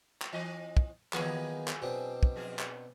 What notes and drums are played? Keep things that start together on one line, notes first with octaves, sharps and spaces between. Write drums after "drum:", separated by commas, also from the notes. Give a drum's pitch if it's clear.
drum: clap
E3 C4 D#5
drum: kick
D#3 E3 F#3 A#3 B3 G#4, drum: clap
drum: clap
B2 C4 D4
drum: kick
F2 G#4
drum: clap